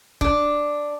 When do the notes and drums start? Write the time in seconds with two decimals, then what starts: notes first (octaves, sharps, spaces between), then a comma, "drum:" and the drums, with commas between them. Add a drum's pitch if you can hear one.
0.21 D4, drum: kick